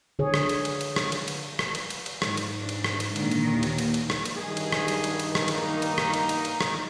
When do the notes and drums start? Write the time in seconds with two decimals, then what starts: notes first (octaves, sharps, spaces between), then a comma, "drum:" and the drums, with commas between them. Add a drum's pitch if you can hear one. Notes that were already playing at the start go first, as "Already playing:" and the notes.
0.19 D3 G#4 C#5
0.34 drum: rim click
0.49 drum: cymbal
0.65 drum: cymbal
0.81 drum: cymbal
0.96 drum: rim click
1.12 drum: cymbal
1.28 drum: cymbal
1.59 drum: rim click
1.75 drum: cymbal
1.90 drum: cymbal
2.06 drum: cymbal
2.22 G#2, drum: rim click
2.37 drum: cymbal
2.59 D4
2.69 drum: cymbal
2.84 drum: rim click
3.00 drum: cymbal
3.16 A#2 D3 D#3, drum: cymbal
3.31 drum: cymbal
3.52 D#2
3.63 drum: cymbal
3.78 drum: cymbal
3.94 drum: cymbal
4.10 drum: rim click
4.25 drum: cymbal
4.36 G2 D#3 G#4
4.57 drum: cymbal
4.73 drum: rim click
4.88 drum: cymbal
5.04 drum: cymbal
5.20 drum: cymbal
5.35 drum: rim click
5.48 A#3 D#4, drum: cymbal
5.82 drum: cymbal
5.98 drum: rim click
6.14 drum: cymbal
6.29 drum: cymbal
6.45 drum: cymbal
6.61 drum: rim click